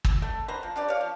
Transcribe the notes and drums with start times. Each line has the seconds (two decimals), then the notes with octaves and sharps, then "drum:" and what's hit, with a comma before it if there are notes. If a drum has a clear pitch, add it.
0.04 drum: kick
0.22 A3
0.48 B4 C5 A#5 B5
0.63 F3
0.76 D4 G4 B4 D5
0.89 C#5 F5
1.01 F3